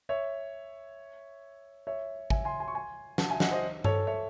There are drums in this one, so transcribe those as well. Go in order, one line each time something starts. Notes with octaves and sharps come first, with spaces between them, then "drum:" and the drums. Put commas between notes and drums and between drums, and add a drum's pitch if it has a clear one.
C#5 E5
C#5 E5
E5 G#5, drum: kick G#1
G#5 C6
G#5 C6
C#6
G#5 C6
F#5 A5, drum: snare
E5 G#5
D#5 F#5, drum: snare
C5 D#5
A4 C#5, drum: tom G2
C#5 E5